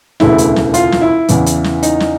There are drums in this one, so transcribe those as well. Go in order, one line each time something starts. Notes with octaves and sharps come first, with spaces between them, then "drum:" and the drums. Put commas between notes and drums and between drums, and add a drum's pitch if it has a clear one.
E1 D2 C#3 E3 E4, drum: snare
drum: hi-hat
drum: snare
F4, drum: hi-hat
drum: snare
E4
E2 C#3 E3, drum: hi-hat
drum: hi-hat
drum: snare
D#4, drum: hi-hat
drum: snare